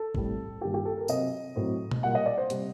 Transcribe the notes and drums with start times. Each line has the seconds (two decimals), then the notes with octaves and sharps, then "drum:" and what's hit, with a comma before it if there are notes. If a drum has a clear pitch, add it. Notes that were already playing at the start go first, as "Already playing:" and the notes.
Already playing: A4
0.15 A2 G3 C4, drum: kick G#1
0.61 G2 D#3 G3 A#3 G4
0.74 G4
0.85 A4
0.97 A#4
1.08 C3 F#3 C4 D#5, drum: tambourine
1.56 A2 F#3 C4
1.91 drum: tom B2
2.03 A#2 G3 A#3 F#5
2.15 D#5
2.26 D5
2.38 C5
2.50 C3 G3 C4, drum: hi-hat